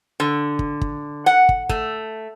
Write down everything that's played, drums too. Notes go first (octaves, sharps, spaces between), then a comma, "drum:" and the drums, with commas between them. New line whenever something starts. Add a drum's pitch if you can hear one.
D3
drum: kick
drum: kick
F#5
drum: kick
A3, drum: kick